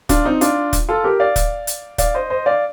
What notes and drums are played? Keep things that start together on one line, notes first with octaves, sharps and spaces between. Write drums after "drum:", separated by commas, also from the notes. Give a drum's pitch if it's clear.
D4 F4, drum: kick, hi-hat
C4 D#4
D4 F4, drum: hi-hat
drum: kick, hi-hat
F4 A4
G4 A#4
D5 F5
drum: kick, hi-hat
drum: hi-hat
D5 F5, drum: kick, hi-hat
C5 D#5
C5 D#5
D5 F5